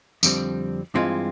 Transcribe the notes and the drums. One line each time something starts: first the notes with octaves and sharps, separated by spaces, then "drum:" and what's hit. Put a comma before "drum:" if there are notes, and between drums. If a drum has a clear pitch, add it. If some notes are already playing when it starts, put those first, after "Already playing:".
F2 D3 G3 C4, drum: tambourine
G2 E3 G#3 C4 F4